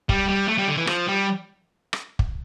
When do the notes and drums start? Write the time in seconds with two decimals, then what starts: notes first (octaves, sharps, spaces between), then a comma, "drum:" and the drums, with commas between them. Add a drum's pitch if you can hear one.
0.09 G3, drum: kick
0.28 G3
0.48 A3
0.58 G3
0.68 D3
0.77 E3
0.87 F3, drum: rim click
1.08 G3
1.93 drum: rim click
2.19 drum: kick